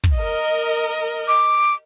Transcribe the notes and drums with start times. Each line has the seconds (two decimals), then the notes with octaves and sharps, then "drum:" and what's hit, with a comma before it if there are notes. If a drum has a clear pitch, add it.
0.04 drum: kick
0.16 A#4 D#5
1.28 D6